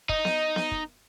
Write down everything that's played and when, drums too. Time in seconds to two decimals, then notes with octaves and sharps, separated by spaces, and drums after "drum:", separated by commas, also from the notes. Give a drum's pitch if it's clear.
0.09 D#4, drum: kick
0.25 drum: snare B3
0.56 drum: snare B3
0.72 drum: kick